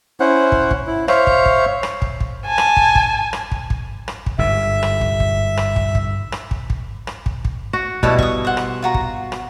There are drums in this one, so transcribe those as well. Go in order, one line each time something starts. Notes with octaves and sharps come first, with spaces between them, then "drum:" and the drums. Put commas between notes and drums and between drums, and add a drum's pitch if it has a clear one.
C#4 E4 C5 F#5
drum: kick
drum: kick
E4
C5 C#5 E5 F5, drum: rim click
drum: kick
drum: kick
drum: rim click
drum: kick
drum: kick
G#5 A5
drum: rim click
drum: kick
drum: kick
drum: rim click
drum: kick
drum: kick
drum: rim click
drum: kick
G1 G#2 E5
drum: rim click
drum: kick
drum: kick
drum: rim click
drum: kick
drum: kick
drum: rim click
drum: kick
drum: kick
drum: rim click
drum: kick
drum: kick
F#4
B2 G3 E4 B4 C#5 A5, drum: kick
C#6 D#6, drum: kick
C5 F#5
drum: rim click
F4 F#4 A#5
drum: kick
drum: rim click